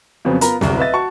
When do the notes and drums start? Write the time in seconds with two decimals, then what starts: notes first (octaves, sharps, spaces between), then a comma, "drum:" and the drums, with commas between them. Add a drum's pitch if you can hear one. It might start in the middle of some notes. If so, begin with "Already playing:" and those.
0.25 F2 C#3 F#3 B3 C4
0.41 B3 F4 A#4 A#5 B5, drum: hi-hat
0.61 D1 C2 C3, drum: snare
0.78 B4 D#5 E5 A6
0.93 F#4 A5 C#6